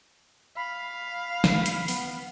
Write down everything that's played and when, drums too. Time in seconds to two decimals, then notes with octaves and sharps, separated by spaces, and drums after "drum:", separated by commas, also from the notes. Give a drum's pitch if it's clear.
0.57 F5 B5
1.44 drum: snare
1.66 drum: hi-hat
1.88 B3, drum: open hi-hat